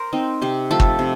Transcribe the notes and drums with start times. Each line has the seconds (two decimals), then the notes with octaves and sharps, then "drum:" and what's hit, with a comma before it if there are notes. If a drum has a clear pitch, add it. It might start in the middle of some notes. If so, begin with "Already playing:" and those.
Already playing: A#4 C5
0.13 C4 D#4
0.42 C3 G4
0.71 F3 A3 A4
0.80 drum: kick
0.99 C3